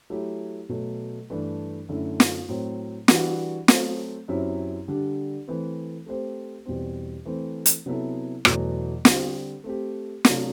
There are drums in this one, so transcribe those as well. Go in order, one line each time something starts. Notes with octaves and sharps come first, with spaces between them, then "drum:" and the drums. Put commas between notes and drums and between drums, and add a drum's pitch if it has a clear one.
F#3 A3 E4 G4
B2 F#3 A3
G2 E3 A3 D4
F#2 D3 A3 E4
drum: snare
A2 F#3 C4
E3 G3 D4 F#4, drum: snare
F#3 A3 C4, drum: snare
F#2 F#3 C4 E4 G4
D3 G3 D4 G4
E3 A3 C4
A3 C4 G4 C5
E2 B2 G3 C4
E3 A3 C4
drum: hi-hat
C3 F#3 B3 E4 A4
E2 B2 F#3 A3, drum: rim click
D3 G3 C4, drum: snare
A3 C4 G4
C3 F#3 A3 D4 G4, drum: snare